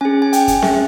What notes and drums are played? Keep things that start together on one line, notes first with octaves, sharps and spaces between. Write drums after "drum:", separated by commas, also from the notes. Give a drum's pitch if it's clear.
C#4 G#4 G#5
G#5
G5, drum: hi-hat
drum: kick, hi-hat
C#4 G#4 E5, drum: snare C4